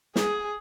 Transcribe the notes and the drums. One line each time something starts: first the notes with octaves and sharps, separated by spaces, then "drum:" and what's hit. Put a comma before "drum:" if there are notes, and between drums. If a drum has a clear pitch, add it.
G#4, drum: snare